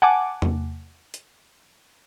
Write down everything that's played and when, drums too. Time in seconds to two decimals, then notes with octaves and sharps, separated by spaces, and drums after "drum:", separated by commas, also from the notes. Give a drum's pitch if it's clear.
0.02 F#5 G#5 A5 D6
0.42 drum: tom E2
1.14 drum: hi-hat